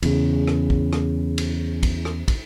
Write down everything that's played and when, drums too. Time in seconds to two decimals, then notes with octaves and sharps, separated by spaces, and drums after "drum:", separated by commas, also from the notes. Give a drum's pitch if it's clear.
0.02 E2 C#3, drum: cymbal
0.48 drum: rim click
0.70 drum: kick
0.93 drum: rim click
1.38 drum: cymbal
1.83 drum: kick, cymbal
2.05 drum: rim click
2.28 drum: kick, cymbal